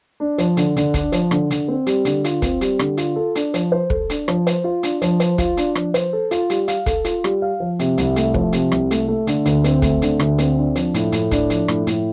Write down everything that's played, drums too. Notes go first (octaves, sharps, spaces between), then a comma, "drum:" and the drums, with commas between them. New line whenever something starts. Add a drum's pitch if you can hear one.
D4
F3, drum: hi-hat
D3, drum: hi-hat
D3, drum: hi-hat
D4, drum: kick, hi-hat
F3, drum: hi-hat
D3, drum: rim click
D3, drum: hi-hat
C4
G3, drum: hi-hat
D3, drum: hi-hat
F4, drum: hi-hat
C4, drum: kick, hi-hat
G3, drum: hi-hat
D3, drum: rim click
F4, drum: hi-hat
A4
D4, drum: hi-hat
F3, drum: hi-hat
C5
A4, drum: kick
D4, drum: hi-hat
F3, drum: rim click
C5, drum: hi-hat
F4
D4, drum: hi-hat
F3, drum: hi-hat
C5, drum: hi-hat
F4, drum: kick, hi-hat
D4, drum: hi-hat
F3, drum: rim click
C5, drum: hi-hat
A4
F4, drum: hi-hat
G3, drum: hi-hat
F5, drum: hi-hat
A4, drum: kick, hi-hat
F4, drum: hi-hat
G3, drum: rim click
F5
F3
C3, drum: hi-hat
C2, drum: hi-hat
A3, drum: hi-hat
F3, drum: kick
C3, drum: hi-hat
C2, drum: rim click
A3, drum: hi-hat
A3
D3, drum: hi-hat
D2, drum: hi-hat
C4, drum: hi-hat
A3, drum: kick, hi-hat
D3, drum: hi-hat
D2, drum: rim click
C4, drum: hi-hat
D4
F3, drum: hi-hat
A2, drum: hi-hat
A2, drum: hi-hat
D4, drum: kick, hi-hat
F3, drum: hi-hat
A2, drum: rim click
A2, drum: hi-hat